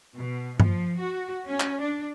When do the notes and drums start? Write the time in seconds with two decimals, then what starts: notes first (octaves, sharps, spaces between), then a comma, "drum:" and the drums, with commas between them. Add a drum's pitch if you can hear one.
0.15 B2
0.60 F3, drum: tom G2
0.98 F#4
1.46 C#4
1.60 drum: clap
1.80 D4